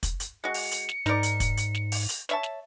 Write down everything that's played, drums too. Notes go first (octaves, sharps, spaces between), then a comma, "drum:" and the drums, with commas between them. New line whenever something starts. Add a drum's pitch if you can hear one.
drum: kick, hi-hat
drum: hi-hat
G#3 F#4 C#7
drum: open hi-hat
drum: hi-hat
drum: snare
G#2 D#4 A#4 D5, drum: snare
drum: hi-hat
drum: kick, hi-hat
drum: hi-hat
drum: snare
drum: open hi-hat
drum: hi-hat
C#5 E5 A5, drum: snare
drum: snare